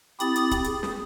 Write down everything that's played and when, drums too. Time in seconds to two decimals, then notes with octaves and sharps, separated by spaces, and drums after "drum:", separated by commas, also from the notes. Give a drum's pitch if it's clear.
0.20 C4 E4 G4 B5 D#6 A6, drum: hi-hat
0.36 drum: hi-hat
0.51 drum: kick, hi-hat
0.64 G#4, drum: hi-hat
0.83 drum: snare